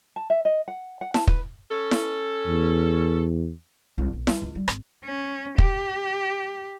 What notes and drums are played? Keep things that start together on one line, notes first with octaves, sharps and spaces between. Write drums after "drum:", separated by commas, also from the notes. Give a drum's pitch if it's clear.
A5
E5
D#5
F#5
F#5
A5, drum: snare E4
B4, drum: kick
C#4 A4
drum: snare E4
E2
C2
B1
G3, drum: snare E4
C#2
G3
G#1, drum: rim click
C#4
G4, drum: kick